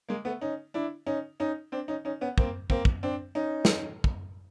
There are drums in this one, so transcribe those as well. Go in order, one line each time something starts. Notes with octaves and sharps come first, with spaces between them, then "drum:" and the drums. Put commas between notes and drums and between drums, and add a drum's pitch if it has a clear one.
G#3 A#3
A3 B3
C#4 D#4
D4 E4
C#4 D#4
C#4 D#4
C4 D4
C#4 D#4
C#4 D#4
B3 C#4
A#3 C4, drum: kick
A#3 C4, drum: kick
drum: kick
C4 D4
C#4 D#4
drum: snare
drum: kick